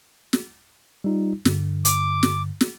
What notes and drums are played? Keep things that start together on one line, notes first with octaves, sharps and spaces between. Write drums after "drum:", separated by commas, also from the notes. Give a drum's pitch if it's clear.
drum: snare
G3 D#4 F4
G2 D3, drum: snare
D6, drum: hi-hat
drum: snare
drum: snare